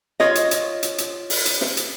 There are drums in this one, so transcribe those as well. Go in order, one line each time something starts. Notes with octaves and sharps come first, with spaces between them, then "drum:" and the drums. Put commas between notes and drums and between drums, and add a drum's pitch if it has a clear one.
F4 C#5 D#5, drum: snare
drum: hi-hat
drum: hi-hat
drum: hi-hat
drum: hi-hat
drum: open hi-hat
drum: hi-hat
drum: snare
drum: hi-hat